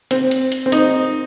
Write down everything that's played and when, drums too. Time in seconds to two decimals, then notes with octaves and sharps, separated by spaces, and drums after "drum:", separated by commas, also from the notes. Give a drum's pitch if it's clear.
0.11 C4, drum: hi-hat
0.31 drum: hi-hat
0.52 drum: hi-hat
0.66 C4
0.72 D#4, drum: hi-hat